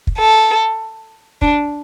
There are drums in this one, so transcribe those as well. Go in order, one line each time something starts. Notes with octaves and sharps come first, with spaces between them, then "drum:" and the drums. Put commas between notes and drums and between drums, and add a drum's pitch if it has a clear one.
drum: kick
A4
D4, drum: kick